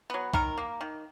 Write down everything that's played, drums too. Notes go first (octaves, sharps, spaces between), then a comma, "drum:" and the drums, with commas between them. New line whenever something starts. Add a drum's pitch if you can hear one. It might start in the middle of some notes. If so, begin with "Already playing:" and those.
F#3 B3
D#3 A#4, drum: kick C2
A#3
D#3